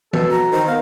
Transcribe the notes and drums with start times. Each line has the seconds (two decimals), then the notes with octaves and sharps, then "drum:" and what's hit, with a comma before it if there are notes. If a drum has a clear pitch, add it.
0.13 B2 A4, drum: tom E3
0.31 F#4 A#5
0.52 D#3 C5
0.68 B3 F5